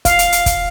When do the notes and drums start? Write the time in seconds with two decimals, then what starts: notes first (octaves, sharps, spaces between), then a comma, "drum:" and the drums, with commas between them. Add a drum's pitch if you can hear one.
0.05 F5, drum: kick, hi-hat
0.19 drum: hi-hat
0.32 drum: hi-hat
0.46 drum: kick, hi-hat